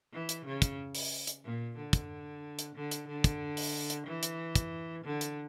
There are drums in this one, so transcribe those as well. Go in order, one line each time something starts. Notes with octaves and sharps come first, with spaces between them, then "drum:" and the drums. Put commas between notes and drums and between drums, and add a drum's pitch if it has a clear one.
E3
drum: hi-hat
C#3
drum: kick, hi-hat
drum: open hi-hat
drum: hi-hat
A#2
D3
drum: kick, hi-hat
drum: hi-hat
D3
drum: hi-hat
D3
drum: kick, hi-hat
drum: open hi-hat
drum: hi-hat
E3
drum: hi-hat
drum: kick, hi-hat
D3
drum: hi-hat